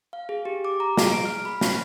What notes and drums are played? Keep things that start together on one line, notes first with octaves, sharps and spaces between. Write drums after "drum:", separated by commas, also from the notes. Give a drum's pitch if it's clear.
F5
G#4
G4
D6
A#5
G#4, drum: snare
D7
F6
B5
C#4, drum: snare